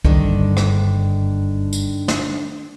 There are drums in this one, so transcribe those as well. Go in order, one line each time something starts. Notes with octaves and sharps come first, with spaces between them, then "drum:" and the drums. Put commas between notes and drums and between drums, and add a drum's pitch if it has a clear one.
F#1 G2 D3 D#3 D4, drum: kick
drum: rim click
drum: tambourine
drum: snare